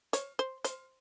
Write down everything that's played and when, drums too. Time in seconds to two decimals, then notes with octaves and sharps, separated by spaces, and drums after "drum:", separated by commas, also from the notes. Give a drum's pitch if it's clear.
0.13 C#5, drum: hi-hat
0.39 C5
0.64 C5, drum: hi-hat